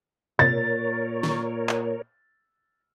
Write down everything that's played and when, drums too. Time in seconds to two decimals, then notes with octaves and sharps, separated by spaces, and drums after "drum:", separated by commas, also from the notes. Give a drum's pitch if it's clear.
0.39 A#2 A#4 C#5 A6, drum: tom B2
1.23 drum: snare
1.69 drum: clap